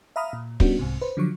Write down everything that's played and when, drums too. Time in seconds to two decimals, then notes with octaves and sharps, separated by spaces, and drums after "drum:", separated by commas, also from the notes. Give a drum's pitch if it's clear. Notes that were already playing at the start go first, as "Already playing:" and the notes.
0.16 E5 F5 A#5 B5 D#6 F6
0.33 A#2
0.60 G3 B3 C#4 D4 F#4, drum: kick
0.79 C2 G#2 C3
1.01 B4 C5
1.17 D3 F3 F#3 C#6